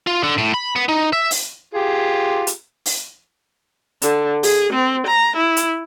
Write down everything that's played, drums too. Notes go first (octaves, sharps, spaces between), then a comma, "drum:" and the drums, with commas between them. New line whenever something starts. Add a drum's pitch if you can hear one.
F4
D3
A2
B5
B3
D#4
E5
drum: open hi-hat
F4 G4 G#4
drum: hi-hat
drum: open hi-hat
D3, drum: hi-hat
G#4, drum: open hi-hat
C4
A#5
E4
drum: hi-hat